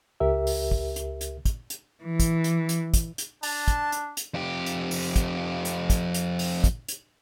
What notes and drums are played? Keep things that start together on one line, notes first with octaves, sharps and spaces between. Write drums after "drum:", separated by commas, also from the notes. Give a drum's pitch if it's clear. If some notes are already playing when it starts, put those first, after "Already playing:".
C#2 G4 A#4 E5
drum: open hi-hat
drum: kick
drum: hi-hat
drum: hi-hat
drum: kick, hi-hat
drum: hi-hat
E3
drum: kick, hi-hat
drum: hi-hat
drum: hi-hat
drum: kick, hi-hat
drum: hi-hat
D4 A5, drum: open hi-hat
drum: kick, hi-hat
drum: hi-hat
drum: hi-hat
F2 G4
drum: hi-hat
drum: open hi-hat
drum: kick, hi-hat
drum: hi-hat
drum: kick, hi-hat
drum: hi-hat
drum: open hi-hat
drum: kick, hi-hat
drum: hi-hat